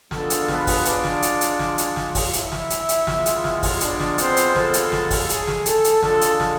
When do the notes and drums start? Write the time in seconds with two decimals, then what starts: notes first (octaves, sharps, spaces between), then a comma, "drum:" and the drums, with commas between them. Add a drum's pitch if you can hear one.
0.11 G#3 B3 D4 F4 A4, drum: snare
0.30 drum: hi-hat
0.48 B3 B4, drum: snare
0.67 drum: kick, open hi-hat
0.85 D4 D5, drum: hi-hat
1.04 drum: snare
1.22 drum: hi-hat
1.41 drum: hi-hat
1.59 drum: snare
1.78 drum: hi-hat
1.96 drum: snare
2.15 drum: kick, open hi-hat
2.33 E4 E5, drum: hi-hat
2.52 drum: snare
2.70 drum: hi-hat
2.89 drum: hi-hat
3.07 G#3 B3 F4, drum: snare
3.26 drum: hi-hat
3.44 drum: snare
3.63 drum: kick, open hi-hat
3.81 D4 D5, drum: hi-hat
4.00 drum: snare
4.18 C4 C5, drum: hi-hat
4.37 drum: hi-hat
4.56 A4, drum: snare
4.74 drum: hi-hat
4.92 drum: snare
5.10 drum: kick, open hi-hat
5.30 G#4, drum: hi-hat
5.47 drum: snare
5.66 A4, drum: hi-hat
5.84 drum: hi-hat
6.03 G#3 D4 F4 A4, drum: snare
6.21 drum: hi-hat
6.40 drum: snare